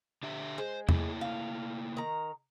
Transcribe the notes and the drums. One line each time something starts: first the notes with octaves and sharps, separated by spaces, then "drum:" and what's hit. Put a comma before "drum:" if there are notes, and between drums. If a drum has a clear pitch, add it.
D3 G4 E5
G#3 C5
A3 A#3 E4, drum: tom E2
F5
D#3 A#5